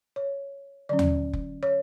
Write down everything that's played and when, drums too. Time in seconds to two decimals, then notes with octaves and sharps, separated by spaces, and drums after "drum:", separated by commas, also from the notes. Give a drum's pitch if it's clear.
0.16 C#5
0.89 D3 F#3 C#4 D5
0.99 drum: tom
1.33 drum: kick F1
1.63 C#5